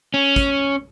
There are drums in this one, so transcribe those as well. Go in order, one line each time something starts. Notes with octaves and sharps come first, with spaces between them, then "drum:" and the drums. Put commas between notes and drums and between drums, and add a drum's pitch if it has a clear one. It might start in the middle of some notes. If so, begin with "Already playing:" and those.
C#4
drum: kick, hi-hat